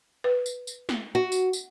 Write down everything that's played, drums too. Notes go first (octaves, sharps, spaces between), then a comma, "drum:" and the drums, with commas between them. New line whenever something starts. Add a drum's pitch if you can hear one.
B4
drum: tambourine
drum: tambourine
drum: snare
F#4
drum: tambourine
drum: tambourine